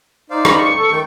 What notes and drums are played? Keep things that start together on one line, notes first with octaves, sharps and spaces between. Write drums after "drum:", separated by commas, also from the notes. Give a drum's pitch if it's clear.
D#4 C5 D5 F5
A#5 B5, drum: rim click
C#6
A4
D#3 A3 A4 G5